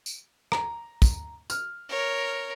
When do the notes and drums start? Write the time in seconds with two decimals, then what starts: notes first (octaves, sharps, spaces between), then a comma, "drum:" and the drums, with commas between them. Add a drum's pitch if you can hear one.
0.06 drum: tambourine
0.52 A#5, drum: rim click
1.02 drum: kick, tambourine
1.50 F6, drum: tambourine
1.89 A#4 C#5